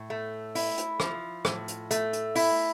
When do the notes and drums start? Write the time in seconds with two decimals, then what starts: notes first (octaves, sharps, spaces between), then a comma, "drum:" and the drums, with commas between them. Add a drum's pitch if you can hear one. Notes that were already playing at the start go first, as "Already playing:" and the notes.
Already playing: A2
0.10 A3
0.55 E4, drum: open hi-hat
0.78 drum: hi-hat
1.00 F3, drum: rim click
1.45 A2, drum: rim click
1.68 drum: hi-hat
1.91 A3, drum: hi-hat
2.13 drum: hi-hat
2.35 E4, drum: open hi-hat